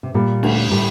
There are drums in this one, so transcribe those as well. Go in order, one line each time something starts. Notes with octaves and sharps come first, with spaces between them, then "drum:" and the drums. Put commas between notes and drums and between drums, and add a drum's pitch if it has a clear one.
C3
A#2 G3
D2, drum: cymbal
A2 G3